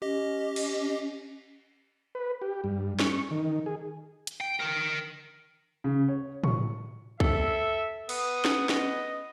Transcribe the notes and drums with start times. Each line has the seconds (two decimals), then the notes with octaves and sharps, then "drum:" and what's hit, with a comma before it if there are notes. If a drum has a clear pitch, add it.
0.02 C#4 G4 D#5
0.56 drum: cymbal
2.15 B4
2.42 G4
2.64 G2
3.00 C#6, drum: snare
3.31 D#3
3.66 G#4
4.27 drum: hi-hat
4.41 G5
4.61 A#4 G5
5.84 C#3
6.09 C#5
6.44 C#6, drum: tom A2
7.20 A4 E5, drum: kick
8.09 B3 D#6, drum: cymbal
8.45 drum: snare
8.69 D#5, drum: snare